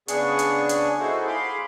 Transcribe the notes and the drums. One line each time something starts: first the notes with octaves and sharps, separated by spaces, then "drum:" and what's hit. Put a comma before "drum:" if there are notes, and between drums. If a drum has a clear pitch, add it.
C#3 B3 D4 G#4 C#6, drum: hi-hat
drum: hi-hat
drum: hi-hat
D#4 E4 F#4 G#4 A4 C5
G#4 F5 B5 C6 D6